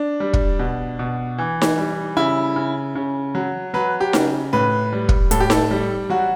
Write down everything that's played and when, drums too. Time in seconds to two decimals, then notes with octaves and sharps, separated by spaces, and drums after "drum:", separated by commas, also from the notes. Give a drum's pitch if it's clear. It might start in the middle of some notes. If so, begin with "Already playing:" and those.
Already playing: D4
0.20 G3
0.33 drum: kick
0.59 B2
0.99 B2
1.38 E3
1.62 drum: snare D#4
1.78 G3
2.17 C#3 E4
2.56 C#3
2.95 C#3
3.35 F#3
3.74 F#3 B4
4.01 G4
4.13 C#3, drum: snare D#4
4.53 A2 B4
4.93 G3
5.09 drum: kick
5.31 A2 A4, drum: hi-hat
5.40 G4
5.50 A4, drum: snare D#4
5.71 G3
6.10 F#3 F#4